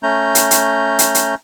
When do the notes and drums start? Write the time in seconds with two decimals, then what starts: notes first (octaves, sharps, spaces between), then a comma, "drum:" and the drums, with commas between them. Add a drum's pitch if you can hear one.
0.03 A3 C#4 A#5 G6
0.35 drum: hi-hat
0.51 drum: hi-hat
0.99 drum: hi-hat
1.15 drum: hi-hat